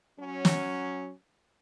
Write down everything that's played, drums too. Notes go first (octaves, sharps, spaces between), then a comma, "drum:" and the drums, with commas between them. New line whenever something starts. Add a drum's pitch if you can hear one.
F#3 C#4
drum: snare